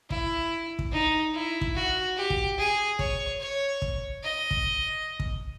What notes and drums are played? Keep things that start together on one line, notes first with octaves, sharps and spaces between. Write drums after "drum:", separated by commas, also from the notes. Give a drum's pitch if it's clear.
E4, drum: kick
drum: kick
D#4
E4
drum: kick
F#4
G4
drum: kick
G#4
C#5, drum: kick
C#5
drum: kick
D#5
drum: kick
drum: kick